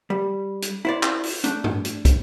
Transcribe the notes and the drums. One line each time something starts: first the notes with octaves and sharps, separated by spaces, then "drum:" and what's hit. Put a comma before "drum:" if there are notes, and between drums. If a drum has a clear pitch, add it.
G3
drum: hi-hat
E4 C5 D5
drum: clap
drum: open hi-hat
A3 D4, drum: hi-hat
drum: tom G2
drum: hi-hat
drum: kick, hi-hat